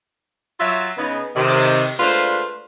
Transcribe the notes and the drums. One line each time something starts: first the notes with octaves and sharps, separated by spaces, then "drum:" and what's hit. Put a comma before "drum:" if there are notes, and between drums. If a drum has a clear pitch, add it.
F#3 F4 F#4 E5
C#3 B3 D#4
C3 D#3
drum: open hi-hat
G#3 A3 D4 F4 B4 C5